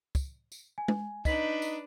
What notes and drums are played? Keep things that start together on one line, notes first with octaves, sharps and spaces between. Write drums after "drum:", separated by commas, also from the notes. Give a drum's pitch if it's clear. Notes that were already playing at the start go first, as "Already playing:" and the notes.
drum: kick, tambourine
drum: tambourine
G#5
drum: tom G#3
D4 D#4 B4 D#5 B6 F#7, drum: kick, tambourine
drum: tambourine